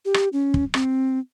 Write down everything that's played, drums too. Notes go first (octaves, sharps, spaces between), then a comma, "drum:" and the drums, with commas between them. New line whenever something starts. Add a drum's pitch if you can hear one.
G4
drum: rim click
C#4
drum: kick
C4, drum: rim click